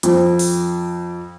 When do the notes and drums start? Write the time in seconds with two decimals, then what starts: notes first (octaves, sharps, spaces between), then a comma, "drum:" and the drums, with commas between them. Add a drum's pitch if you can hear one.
0.03 F2, drum: hi-hat
0.39 drum: open hi-hat